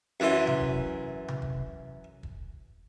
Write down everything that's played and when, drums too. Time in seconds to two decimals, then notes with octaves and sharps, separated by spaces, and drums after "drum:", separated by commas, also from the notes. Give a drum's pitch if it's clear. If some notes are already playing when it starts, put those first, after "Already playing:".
0.20 F#2 E3 C6
0.47 drum: tom C3
0.61 drum: kick
1.28 drum: tom C3
1.42 drum: kick
2.23 drum: kick